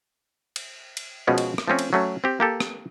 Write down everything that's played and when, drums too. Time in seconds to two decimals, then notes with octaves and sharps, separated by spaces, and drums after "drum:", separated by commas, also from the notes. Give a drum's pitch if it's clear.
0.56 drum: cymbal
0.97 drum: cymbal
1.27 B2 F3 G#3 C#4
1.38 drum: cymbal
1.58 drum: rim click
1.68 F3 A3 C4 C#4
1.79 drum: cymbal
1.93 F#3 A3 C#4
2.24 C4 G4
2.40 A#3 G4 A4
2.60 drum: rim click